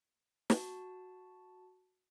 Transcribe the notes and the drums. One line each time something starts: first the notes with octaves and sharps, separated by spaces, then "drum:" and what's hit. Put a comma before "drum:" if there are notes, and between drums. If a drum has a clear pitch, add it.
F#4 A5, drum: snare